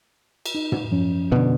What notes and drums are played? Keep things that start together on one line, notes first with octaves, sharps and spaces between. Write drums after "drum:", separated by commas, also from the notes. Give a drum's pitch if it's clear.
drum: cymbal
D#4
drum: tom
F#2 F3 C#4
B2 D3